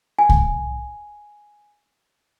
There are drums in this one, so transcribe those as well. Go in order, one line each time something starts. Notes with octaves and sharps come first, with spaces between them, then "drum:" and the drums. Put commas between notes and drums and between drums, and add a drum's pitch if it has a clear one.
G#5
drum: kick C2